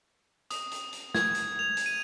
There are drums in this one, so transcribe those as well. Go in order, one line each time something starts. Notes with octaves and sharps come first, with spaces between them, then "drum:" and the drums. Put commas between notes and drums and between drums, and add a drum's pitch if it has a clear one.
D#6, drum: hi-hat
drum: hi-hat
drum: hi-hat
G#6, drum: snare
drum: hi-hat
F7
drum: hi-hat
D#7